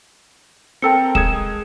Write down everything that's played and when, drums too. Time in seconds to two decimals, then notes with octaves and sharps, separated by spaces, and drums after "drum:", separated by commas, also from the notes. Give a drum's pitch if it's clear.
0.82 C4 A4 A#4 G5 E6 C#7
1.15 G#3 D#6 G#6 E7, drum: kick